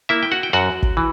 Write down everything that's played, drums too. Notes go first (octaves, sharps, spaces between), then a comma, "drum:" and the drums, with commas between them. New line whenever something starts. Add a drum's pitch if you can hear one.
A#3 E4 E5
G5
F#4 F#5
G5
F#2 F#4 F#5
drum: kick
E3